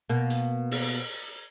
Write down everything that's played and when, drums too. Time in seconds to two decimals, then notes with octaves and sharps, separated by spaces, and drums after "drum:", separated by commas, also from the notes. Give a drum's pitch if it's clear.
0.09 B2 A#3
0.30 drum: hi-hat
0.71 drum: open hi-hat